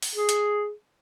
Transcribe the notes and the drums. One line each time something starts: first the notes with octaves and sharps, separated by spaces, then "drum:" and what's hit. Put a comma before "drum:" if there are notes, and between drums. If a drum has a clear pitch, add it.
drum: open hi-hat
G#4
drum: hi-hat